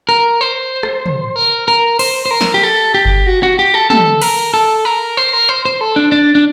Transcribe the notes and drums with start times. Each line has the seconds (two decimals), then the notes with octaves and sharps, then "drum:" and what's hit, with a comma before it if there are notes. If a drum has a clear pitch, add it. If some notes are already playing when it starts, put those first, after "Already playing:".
0.09 A#4
0.41 C5
0.83 drum: rim click
1.06 drum: tom
1.36 A#4
1.68 A#4
1.99 C5, drum: cymbal
2.26 C5
2.31 A#4
2.41 drum: snare
2.54 G4
2.63 A4
2.94 G4
3.05 drum: kick G1
3.27 F#4
3.43 F#4
3.59 G4
3.74 A4
3.90 A4, drum: tom
4.22 A#4, drum: cymbal
4.54 A4
4.85 A#4
5.17 C5
5.33 A#4
5.49 C5
5.65 C5
5.81 A4
5.96 D4
6.12 D4
6.35 D4